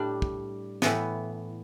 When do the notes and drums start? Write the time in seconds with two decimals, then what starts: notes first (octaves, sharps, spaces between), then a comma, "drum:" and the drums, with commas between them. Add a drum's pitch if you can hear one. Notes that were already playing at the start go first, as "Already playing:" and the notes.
Already playing: A2 G3 D4
0.22 drum: kick
0.82 A2 E3 B3, drum: snare